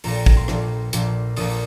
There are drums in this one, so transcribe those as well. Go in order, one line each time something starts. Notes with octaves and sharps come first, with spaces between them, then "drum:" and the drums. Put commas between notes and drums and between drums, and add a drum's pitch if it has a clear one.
A#1 A#2 A#5, drum: open hi-hat
G5
A#5, drum: kick
C6
A#1 A#2, drum: rim click
A#1 A#2, drum: hi-hat
A#1 A#2 D#6, drum: open hi-hat